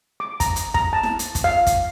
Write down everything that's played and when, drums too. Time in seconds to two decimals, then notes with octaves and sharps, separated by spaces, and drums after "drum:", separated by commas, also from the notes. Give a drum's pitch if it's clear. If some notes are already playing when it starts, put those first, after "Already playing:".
0.20 D6
0.40 A#5, drum: kick, hi-hat
0.56 drum: hi-hat
0.74 A#5, drum: kick
0.93 A5
1.03 drum: snare E4
1.19 drum: hi-hat
1.35 drum: kick, hi-hat
1.44 F5
1.66 drum: kick, hi-hat